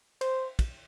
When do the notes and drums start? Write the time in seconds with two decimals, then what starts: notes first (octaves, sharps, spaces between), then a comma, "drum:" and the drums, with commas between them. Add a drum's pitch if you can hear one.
0.21 C5, drum: cymbal
0.59 drum: kick, cymbal